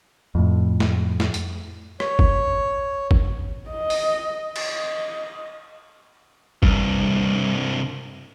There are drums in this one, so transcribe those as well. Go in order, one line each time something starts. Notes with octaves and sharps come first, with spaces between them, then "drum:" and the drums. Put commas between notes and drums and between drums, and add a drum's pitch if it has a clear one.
F2 A2
drum: snare
drum: snare
drum: hi-hat
C#5, drum: rim click
drum: kick
drum: kick
D#5
drum: open hi-hat
D#5, drum: cymbal
C2 G2, drum: kick